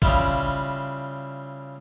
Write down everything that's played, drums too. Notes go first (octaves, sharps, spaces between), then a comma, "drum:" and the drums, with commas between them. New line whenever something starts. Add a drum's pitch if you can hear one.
C#3 G3 E4 F4, drum: kick